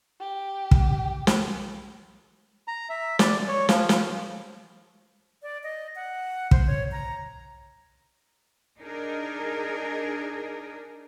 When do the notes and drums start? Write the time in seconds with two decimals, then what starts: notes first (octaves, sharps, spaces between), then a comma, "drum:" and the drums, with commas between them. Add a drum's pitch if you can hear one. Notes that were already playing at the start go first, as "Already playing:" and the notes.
0.20 G4
0.71 drum: kick
1.27 drum: snare
2.68 A#5
2.89 E5
3.19 D5, drum: snare
3.48 C#5
3.69 F3, drum: snare
3.89 F3, drum: snare
5.43 D5
5.63 D#5
5.96 F#5
6.51 C5, drum: kick
6.67 C#5
6.92 A#5
8.78 D4 D#4 G#4 A#4